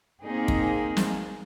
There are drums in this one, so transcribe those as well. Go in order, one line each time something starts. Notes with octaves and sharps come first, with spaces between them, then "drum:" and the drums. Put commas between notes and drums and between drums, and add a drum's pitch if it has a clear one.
A#3 C4 D#4 G#4
drum: kick
drum: snare